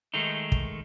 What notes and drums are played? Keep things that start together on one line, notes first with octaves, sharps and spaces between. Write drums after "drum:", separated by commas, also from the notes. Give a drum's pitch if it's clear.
D#3 G#3 A3 D#4
drum: kick